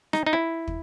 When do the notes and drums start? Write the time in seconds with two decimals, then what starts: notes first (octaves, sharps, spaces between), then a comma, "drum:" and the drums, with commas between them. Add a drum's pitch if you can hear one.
0.13 D#4, drum: rim click
0.27 D#4
0.33 E4
0.68 drum: kick